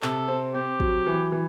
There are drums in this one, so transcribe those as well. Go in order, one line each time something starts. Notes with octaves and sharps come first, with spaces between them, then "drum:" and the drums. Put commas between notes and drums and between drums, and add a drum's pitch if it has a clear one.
C3 A4, drum: clap
C4
C4 G4
F#3, drum: kick
E3
E3